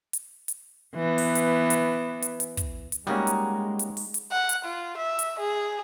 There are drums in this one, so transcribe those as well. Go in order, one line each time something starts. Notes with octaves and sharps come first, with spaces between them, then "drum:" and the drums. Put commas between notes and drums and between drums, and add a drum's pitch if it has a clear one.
drum: hi-hat
drum: hi-hat
E3 B3
drum: open hi-hat
drum: hi-hat
drum: hi-hat
drum: hi-hat
drum: hi-hat
drum: kick, hi-hat
drum: hi-hat
G3 G#3 A#3 C#4 D#4 F#4
drum: hi-hat
drum: hi-hat
drum: open hi-hat
drum: hi-hat
F#5
drum: hi-hat
F4
E5
drum: hi-hat
G#4